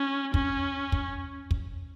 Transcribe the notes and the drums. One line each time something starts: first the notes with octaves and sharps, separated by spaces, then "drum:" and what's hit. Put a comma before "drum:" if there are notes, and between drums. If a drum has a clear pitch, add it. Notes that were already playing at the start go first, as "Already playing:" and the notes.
Already playing: C#4
C#4, drum: kick
drum: kick
drum: kick